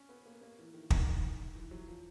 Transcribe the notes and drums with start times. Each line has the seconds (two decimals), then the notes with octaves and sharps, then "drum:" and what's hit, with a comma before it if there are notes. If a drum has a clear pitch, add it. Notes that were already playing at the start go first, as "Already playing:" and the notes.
Already playing: C#4
0.09 B3
0.26 A#3
0.41 A#3
0.58 E3
0.74 D#3
0.90 D#3, drum: kick
1.55 E3
1.71 F#3
1.87 F3